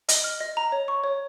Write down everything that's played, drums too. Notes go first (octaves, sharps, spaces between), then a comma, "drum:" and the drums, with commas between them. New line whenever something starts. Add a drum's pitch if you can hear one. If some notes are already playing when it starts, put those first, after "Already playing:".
D#5, drum: hi-hat
F6
D#5
A#5
C#5
C#6
C#5